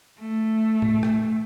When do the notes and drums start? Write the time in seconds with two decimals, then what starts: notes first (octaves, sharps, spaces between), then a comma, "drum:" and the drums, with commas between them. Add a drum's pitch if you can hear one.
0.20 A3
0.82 drum: tom A2
1.03 drum: rim click